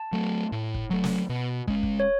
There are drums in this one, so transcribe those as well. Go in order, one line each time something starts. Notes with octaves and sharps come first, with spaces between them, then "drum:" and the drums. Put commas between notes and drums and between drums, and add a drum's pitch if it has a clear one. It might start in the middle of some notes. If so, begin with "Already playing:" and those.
Already playing: A5
F#3 A3
A2
drum: kick
F#3 A3
drum: snare
B2
G#3 C#4, drum: kick
drum: kick
C#5